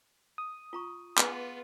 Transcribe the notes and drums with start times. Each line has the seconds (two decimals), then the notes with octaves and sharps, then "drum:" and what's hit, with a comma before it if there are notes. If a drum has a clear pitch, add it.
0.38 D#6
0.73 F4 A#5 C#6
1.18 B3 F4 G#4 B4 B5, drum: clap